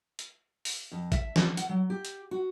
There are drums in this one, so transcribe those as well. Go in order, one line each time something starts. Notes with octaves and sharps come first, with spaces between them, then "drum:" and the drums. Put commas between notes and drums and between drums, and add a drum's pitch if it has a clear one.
drum: hi-hat
drum: open hi-hat
F2
E5, drum: kick G#1, hi-hat
A4, drum: snare
F#5, drum: hi-hat
F#3
G4
drum: hi-hat
F#4